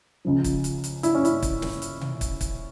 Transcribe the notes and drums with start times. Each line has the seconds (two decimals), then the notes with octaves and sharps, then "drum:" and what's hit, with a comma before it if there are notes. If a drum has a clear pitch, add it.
0.25 C#2 C#3 F3
0.44 drum: kick, hi-hat
0.64 drum: hi-hat
0.84 drum: hi-hat
1.03 E4, drum: hi-hat
1.14 C#4
1.25 E4, drum: hi-hat
1.42 drum: kick, hi-hat
1.62 drum: snare
1.82 drum: hi-hat
2.01 drum: tom B2
2.21 drum: kick, hi-hat
2.41 drum: kick, hi-hat